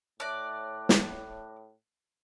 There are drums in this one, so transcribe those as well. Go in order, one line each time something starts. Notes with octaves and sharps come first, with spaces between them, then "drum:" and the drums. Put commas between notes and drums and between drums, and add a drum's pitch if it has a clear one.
A2 C#5 D5 E5 A5 D6 F#6 A#6
drum: snare